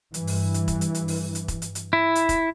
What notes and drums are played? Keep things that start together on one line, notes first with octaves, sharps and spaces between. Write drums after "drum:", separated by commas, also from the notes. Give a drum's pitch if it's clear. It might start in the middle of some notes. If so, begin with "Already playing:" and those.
G2 E3, drum: hi-hat
drum: open hi-hat
drum: hi-hat
drum: kick E1, hi-hat
drum: hi-hat
drum: hi-hat
drum: open hi-hat
drum: hi-hat
drum: kick E1, hi-hat
drum: hi-hat
drum: hi-hat
E4
drum: hi-hat
drum: kick E1, hi-hat